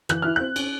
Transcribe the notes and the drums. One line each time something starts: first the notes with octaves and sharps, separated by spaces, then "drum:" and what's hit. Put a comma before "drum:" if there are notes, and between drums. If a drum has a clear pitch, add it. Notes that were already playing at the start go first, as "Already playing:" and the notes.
E3 F#6, drum: rim click
E4 F6
C4 F#6
C#4, drum: cymbal